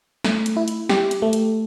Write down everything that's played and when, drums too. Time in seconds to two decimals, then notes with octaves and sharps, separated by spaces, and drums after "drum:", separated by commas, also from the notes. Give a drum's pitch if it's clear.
0.24 A3, drum: snare
0.46 drum: hi-hat
0.57 E4
0.68 drum: hi-hat
0.89 G4, drum: snare
1.11 drum: hi-hat
1.22 A3
1.33 drum: hi-hat